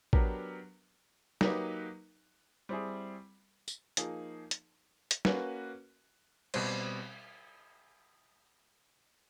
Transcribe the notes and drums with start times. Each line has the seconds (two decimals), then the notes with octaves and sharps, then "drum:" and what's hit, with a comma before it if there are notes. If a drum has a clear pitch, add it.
0.13 F#3 B3 D4 G4 A#4, drum: kick A1
1.41 F#3 A#3 D#4 G4 B4, drum: snare
2.69 G3 C4 E4 G#4
3.68 drum: tambourine
3.97 F3 A#3 D#4 G#4, drum: hi-hat
4.51 drum: hi-hat
5.11 drum: hi-hat
5.25 A#3 C#4 F#4 B4, drum: snare
6.54 B2 G3 C4, drum: cymbal